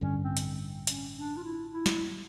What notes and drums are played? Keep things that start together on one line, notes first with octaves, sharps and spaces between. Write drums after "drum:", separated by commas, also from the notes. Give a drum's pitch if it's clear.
A1 G2 D3 G3 C#4
C4
drum: hi-hat
C#4, drum: hi-hat
D4
F4
E4
E4
drum: snare